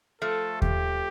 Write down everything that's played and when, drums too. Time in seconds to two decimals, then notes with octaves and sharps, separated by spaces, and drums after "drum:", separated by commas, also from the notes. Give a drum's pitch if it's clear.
0.22 F3 A3 A4
0.62 G4, drum: kick D#2